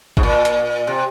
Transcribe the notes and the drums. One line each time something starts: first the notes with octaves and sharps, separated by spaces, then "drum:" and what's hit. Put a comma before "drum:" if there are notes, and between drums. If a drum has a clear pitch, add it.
G#2, drum: kick
A#2
drum: hi-hat
C3